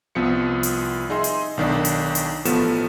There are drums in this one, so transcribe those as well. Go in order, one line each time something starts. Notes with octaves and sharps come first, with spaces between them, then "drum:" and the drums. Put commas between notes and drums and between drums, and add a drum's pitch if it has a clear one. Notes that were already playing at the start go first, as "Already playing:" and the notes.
C2 F3 B3 C4 B4 C#7
drum: hi-hat
D#4 G#4 D#5 E5 C6
drum: hi-hat
B1 D#3 D4
drum: hi-hat
drum: hi-hat
A1 F3 A3 B3 E7, drum: hi-hat